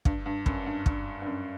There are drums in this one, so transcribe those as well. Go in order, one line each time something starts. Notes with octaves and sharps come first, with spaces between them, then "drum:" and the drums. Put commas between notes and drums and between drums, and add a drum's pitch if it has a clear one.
G2, drum: kick
G2
F#2, drum: kick
G2
G2, drum: kick
G2
F#2